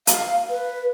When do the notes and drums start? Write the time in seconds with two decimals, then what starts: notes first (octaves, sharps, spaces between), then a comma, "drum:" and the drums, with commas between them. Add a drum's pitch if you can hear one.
0.07 F5, drum: hi-hat
0.50 B4